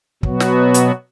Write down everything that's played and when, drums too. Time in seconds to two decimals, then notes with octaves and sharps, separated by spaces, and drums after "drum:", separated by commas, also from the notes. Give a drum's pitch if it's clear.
0.23 B2 F#3 B3 F#4, drum: kick
0.40 drum: snare
0.74 drum: hi-hat